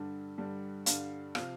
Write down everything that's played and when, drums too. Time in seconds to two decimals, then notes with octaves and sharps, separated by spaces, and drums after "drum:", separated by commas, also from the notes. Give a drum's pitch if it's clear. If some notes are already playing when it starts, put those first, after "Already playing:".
Already playing: G2 D3 G3
0.38 G2 D3 G3
0.86 G2 D3 G3 F5, drum: hi-hat
1.35 C3 F3 F5, drum: rim click